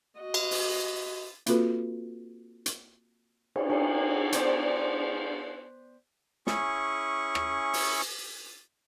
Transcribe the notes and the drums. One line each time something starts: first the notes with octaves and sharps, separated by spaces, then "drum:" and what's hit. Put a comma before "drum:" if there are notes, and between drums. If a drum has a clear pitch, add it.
F#4 D#5
drum: cymbal
drum: open hi-hat
A#3 C4 F4 F#4 A4 B4, drum: hi-hat
drum: hi-hat
drum: cymbal
drum: cymbal
B3 C5 D5, drum: hi-hat
C#4 E4 G#4 C#6, drum: snare
drum: rim click
drum: open hi-hat